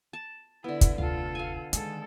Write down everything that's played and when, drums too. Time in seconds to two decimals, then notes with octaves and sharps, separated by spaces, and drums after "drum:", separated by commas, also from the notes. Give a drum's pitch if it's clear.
0.13 A5
0.64 D3 B3 E4
0.81 drum: kick, hi-hat
0.98 F1 D2 F4 A4 F5
1.35 F5 G#5
1.73 D#3 G#3 A4, drum: hi-hat